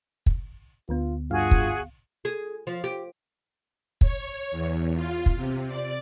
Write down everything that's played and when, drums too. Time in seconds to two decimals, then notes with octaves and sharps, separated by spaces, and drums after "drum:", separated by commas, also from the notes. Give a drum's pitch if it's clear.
0.26 drum: kick
0.89 D2 D3 B3 F4
1.31 G2 F4 F#4 G#4 F5
1.51 drum: kick
2.25 G#4
2.67 F3
2.84 G4
4.01 C#5, drum: kick
4.51 E2
4.95 F4
5.26 drum: kick
5.36 C3
5.68 D5